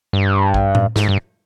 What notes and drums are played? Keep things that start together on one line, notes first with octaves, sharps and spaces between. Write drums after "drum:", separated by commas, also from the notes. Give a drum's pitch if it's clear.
G2
drum: kick
drum: tom A2
G#2, drum: snare
G2